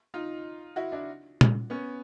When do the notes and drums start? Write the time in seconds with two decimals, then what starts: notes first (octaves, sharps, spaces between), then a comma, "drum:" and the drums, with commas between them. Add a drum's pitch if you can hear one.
0.14 D#4 F4
0.76 E4 F#4
0.92 D4 E4
1.41 drum: tom A#2
1.70 B3 C#4